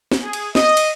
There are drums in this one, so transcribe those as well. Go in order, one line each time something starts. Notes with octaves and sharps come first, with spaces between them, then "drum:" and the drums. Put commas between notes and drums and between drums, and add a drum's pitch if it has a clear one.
drum: snare
G#4
drum: cymbal
D#5, drum: snare
drum: cymbal